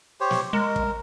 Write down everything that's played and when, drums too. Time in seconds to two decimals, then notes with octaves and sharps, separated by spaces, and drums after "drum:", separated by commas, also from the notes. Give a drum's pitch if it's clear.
0.21 G4 C5 C#5
0.31 drum: snare
0.53 G#3 A#4
0.76 drum: kick